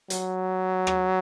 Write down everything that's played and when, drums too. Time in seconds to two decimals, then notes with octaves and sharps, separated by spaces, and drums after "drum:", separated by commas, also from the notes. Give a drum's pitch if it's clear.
0.10 F#3, drum: hi-hat
0.87 drum: rim click